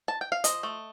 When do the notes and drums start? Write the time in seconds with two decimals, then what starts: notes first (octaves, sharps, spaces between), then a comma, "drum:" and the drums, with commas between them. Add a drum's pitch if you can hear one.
0.08 A5
0.21 G5
0.32 F5
0.44 F3 D#5, drum: hi-hat
0.63 A3